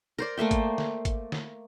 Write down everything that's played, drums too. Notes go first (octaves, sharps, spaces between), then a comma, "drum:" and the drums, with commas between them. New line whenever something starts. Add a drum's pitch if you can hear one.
A#4 C5 D5
A3 A#3 E5 G5
drum: kick, hi-hat
drum: snare
drum: kick, hi-hat
drum: snare